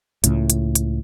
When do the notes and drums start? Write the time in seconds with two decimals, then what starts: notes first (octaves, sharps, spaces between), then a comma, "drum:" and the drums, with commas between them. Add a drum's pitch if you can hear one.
0.24 C#2 A2, drum: hi-hat
0.50 drum: hi-hat
0.75 drum: hi-hat